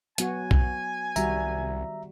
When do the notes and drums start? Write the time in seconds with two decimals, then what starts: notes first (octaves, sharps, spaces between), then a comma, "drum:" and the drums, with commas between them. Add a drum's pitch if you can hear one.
0.18 F#3 B3 F#4 G#5, drum: hi-hat
0.51 drum: kick
1.16 C2 D#3 G3 F#4 E5 A#5, drum: tambourine